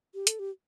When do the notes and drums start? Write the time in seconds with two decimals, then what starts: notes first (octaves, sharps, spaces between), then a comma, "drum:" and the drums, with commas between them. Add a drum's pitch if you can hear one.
0.14 G4
0.27 A4, drum: hi-hat
0.39 G4